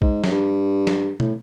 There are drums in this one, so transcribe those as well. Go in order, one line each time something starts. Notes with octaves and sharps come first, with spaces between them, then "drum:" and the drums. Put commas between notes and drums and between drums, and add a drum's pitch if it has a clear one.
G#2, drum: kick
F#2, drum: snare
G2
drum: snare
A2, drum: tom